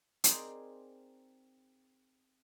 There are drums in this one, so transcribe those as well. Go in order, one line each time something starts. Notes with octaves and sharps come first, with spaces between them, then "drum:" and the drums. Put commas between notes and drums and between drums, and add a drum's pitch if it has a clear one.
C4 D#4 G#4 A#4 C5 D5, drum: hi-hat